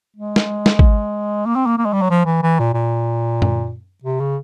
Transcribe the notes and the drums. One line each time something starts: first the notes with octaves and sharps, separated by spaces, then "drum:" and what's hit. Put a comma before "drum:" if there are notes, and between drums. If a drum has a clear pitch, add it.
G#3
drum: snare
drum: snare
drum: kick
A#3
C4
A#3
A#3
G#3
G3
F#3
F3
E3
E3
A#2
A#2
drum: tom F#2
C3
C#3